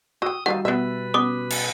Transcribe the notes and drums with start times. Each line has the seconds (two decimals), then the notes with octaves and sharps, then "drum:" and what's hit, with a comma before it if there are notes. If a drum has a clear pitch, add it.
0.22 F#4 G5 D#6 E6
0.46 D#3 G3 D4 D#4 F#4 F5 F#5 A6
0.65 B2 B3 B4 E5
1.14 B3 C#4 D6 D#6
1.50 drum: cymbal